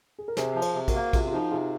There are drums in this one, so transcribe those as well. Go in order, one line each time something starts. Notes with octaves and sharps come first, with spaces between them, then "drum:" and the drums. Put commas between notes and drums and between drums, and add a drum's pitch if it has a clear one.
G#4
A#4
C3 G#4 C5, drum: snare
F3
G#4 C5, drum: cymbal
C3
F#4 A#4, drum: kick, cymbal
A#3
C3 F4 G#4, drum: kick, cymbal
F4
F3 D#4 F#4
C3 F4 G#4